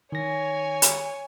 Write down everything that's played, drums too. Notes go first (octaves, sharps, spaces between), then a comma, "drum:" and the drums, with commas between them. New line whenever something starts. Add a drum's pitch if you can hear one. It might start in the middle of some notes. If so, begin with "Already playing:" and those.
D#3 C#5 G#5 A#6
drum: hi-hat